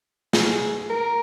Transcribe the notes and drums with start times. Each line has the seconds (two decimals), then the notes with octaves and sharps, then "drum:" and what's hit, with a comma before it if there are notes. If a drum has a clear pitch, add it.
0.33 G#4, drum: snare
0.90 A#4